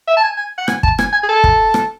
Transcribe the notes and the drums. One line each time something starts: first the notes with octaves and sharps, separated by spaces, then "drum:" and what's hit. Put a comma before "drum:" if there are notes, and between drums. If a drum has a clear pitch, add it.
E5
A5
G#5
G#5
F#5
G#5, drum: rim click
A5, drum: kick
G#5, drum: rim click
G#5
G#4
A4
drum: kick
drum: rim click